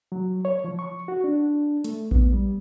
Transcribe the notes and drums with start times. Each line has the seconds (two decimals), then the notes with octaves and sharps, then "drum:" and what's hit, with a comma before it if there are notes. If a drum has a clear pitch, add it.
0.12 F#3
0.45 C#5
0.64 F3
0.79 C#6
1.08 F#4
1.24 D4
1.84 A3, drum: hi-hat
2.11 B3, drum: kick A#1
2.33 G3